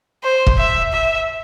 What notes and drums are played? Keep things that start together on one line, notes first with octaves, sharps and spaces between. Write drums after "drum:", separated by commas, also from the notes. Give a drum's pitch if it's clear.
C5
drum: kick
E5
E5